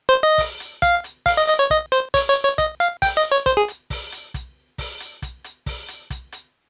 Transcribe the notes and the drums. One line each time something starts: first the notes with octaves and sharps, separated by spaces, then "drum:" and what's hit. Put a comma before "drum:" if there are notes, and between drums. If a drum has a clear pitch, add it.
C5
D#5
drum: kick, open hi-hat
drum: hi-hat
F5, drum: kick, hi-hat
drum: hi-hat
F5, drum: kick, open hi-hat
D#5
D#5, drum: hi-hat
C#5
D#5, drum: kick, hi-hat
C5, drum: hi-hat
C#5, drum: kick, open hi-hat
C#5
C#5
D#5, drum: kick, hi-hat
F5, drum: hi-hat
G5, drum: kick, open hi-hat
D#5
C#5
C5, drum: kick, hi-hat
G#4
drum: hi-hat
drum: kick, open hi-hat
drum: hi-hat
drum: kick, hi-hat
drum: kick, open hi-hat
drum: hi-hat
drum: kick, hi-hat
drum: hi-hat
drum: kick, open hi-hat
drum: hi-hat
drum: kick, hi-hat
drum: hi-hat